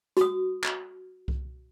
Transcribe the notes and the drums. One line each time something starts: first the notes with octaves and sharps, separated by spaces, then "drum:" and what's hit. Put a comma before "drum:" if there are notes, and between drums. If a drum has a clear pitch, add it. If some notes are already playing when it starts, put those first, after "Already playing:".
F#4 D#6, drum: hi-hat
drum: clap
drum: kick C2